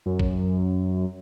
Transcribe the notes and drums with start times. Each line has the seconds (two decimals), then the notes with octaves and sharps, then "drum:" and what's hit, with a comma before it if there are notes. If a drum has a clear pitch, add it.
0.06 F#2
0.19 drum: kick A1